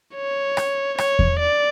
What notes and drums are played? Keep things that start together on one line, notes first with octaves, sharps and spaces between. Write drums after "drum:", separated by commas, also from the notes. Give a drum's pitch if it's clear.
C#5
drum: rim click
C#5, drum: rim click
drum: kick E2
D5